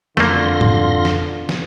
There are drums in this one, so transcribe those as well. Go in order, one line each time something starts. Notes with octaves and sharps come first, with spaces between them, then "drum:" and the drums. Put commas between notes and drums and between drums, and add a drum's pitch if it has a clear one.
F2 D3 A3 A#3 F4 C6 A#6, drum: snare
drum: tom G#2
drum: snare
drum: snare